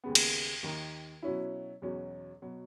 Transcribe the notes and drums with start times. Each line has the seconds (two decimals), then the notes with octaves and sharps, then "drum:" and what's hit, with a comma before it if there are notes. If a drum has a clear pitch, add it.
0.04 D#2 C#3 G#3 B3
0.15 drum: cymbal
0.63 D#2 D#3 A#3
1.23 B2 F#3 C#4 E4
1.82 E2 B2 F#3 C#4
2.42 B2 F#3